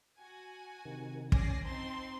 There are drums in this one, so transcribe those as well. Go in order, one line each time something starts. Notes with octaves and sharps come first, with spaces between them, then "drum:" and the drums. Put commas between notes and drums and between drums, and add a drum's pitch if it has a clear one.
F#4 G#5
C3 D#3
C#4 D5 G#5 A#6 C7, drum: kick
C4 D#4 A5 C6